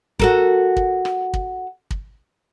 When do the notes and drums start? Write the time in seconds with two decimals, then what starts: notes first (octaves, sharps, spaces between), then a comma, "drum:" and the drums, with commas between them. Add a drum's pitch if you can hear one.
0.19 F#4 A4 A#4, drum: kick
0.76 drum: kick
1.05 drum: rim click
1.33 drum: kick
1.91 drum: kick